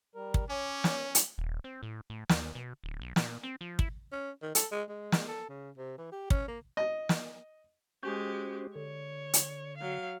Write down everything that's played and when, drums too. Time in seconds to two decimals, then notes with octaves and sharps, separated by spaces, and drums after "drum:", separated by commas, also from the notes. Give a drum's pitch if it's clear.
0.15 G3 A#4
0.34 drum: kick
0.50 C#4 C#5 G#5 D6
0.84 drum: snare
1.15 drum: hi-hat
1.38 D#1
1.64 C4
1.83 A2
2.10 A2
2.29 D#2, drum: snare
2.55 B2
2.84 D1
3.01 B1
3.16 A#2, drum: snare
3.43 C4
3.61 F3
3.79 E4, drum: kick
4.12 C#4
4.42 D#3
4.55 A4, drum: hi-hat
4.71 G#3
4.89 G#3
5.12 drum: snare
5.28 A4
5.49 C#3
5.77 C3
5.98 E3
6.12 G4
6.30 C#4, drum: kick
6.48 A#3
6.77 D#5
7.09 drum: snare
8.03 G#3 C#4 F#4 G4 C5
8.76 D3 C#5
9.33 drum: hi-hat
9.78 F#3 F5